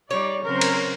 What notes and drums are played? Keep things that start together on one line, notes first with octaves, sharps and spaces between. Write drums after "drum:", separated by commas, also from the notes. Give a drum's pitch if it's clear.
G3 D#4 C#5 D5
C#3 F#3 C4 A#4 C5
drum: cymbal